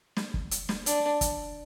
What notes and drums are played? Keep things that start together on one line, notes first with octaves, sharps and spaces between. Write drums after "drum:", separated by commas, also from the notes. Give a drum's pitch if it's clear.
drum: snare
drum: kick
drum: hi-hat
drum: snare
D4, drum: hi-hat
drum: kick, hi-hat